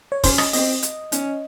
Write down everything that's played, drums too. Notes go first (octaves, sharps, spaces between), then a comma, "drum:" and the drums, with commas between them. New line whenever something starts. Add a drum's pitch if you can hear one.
C#5
C#4 C5, drum: kick, open hi-hat
D#5, drum: rim click
C4 D#5, drum: open hi-hat
drum: hi-hat
C#4, drum: hi-hat